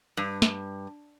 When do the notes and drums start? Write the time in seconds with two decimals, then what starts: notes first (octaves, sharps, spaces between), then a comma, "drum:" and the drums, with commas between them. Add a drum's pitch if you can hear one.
0.17 G2
0.42 drum: snare